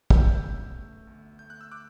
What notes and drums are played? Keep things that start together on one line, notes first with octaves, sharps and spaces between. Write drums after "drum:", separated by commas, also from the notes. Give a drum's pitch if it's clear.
C#4 E6 G6, drum: kick
B2
A3
D2
A3 G6
F#6
E6
D6 F#6